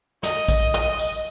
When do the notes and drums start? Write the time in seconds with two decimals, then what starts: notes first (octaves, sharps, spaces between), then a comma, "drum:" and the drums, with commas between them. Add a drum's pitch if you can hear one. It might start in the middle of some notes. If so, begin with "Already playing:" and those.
0.23 D#5, drum: snare
0.48 drum: kick, tambourine
0.74 drum: tom
0.99 drum: tambourine